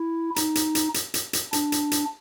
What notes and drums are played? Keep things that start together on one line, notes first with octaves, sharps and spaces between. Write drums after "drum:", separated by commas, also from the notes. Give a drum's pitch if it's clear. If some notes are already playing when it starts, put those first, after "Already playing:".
Already playing: E4
D#4, drum: hi-hat
drum: hi-hat
drum: hi-hat
drum: hi-hat
drum: hi-hat
drum: hi-hat
D4, drum: hi-hat
drum: hi-hat
drum: hi-hat